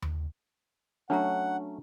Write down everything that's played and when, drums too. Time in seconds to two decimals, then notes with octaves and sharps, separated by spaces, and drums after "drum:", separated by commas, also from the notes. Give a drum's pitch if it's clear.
0.02 drum: tom D#2
1.10 F#3 A3 C#4 D4 A4 F#5 A#5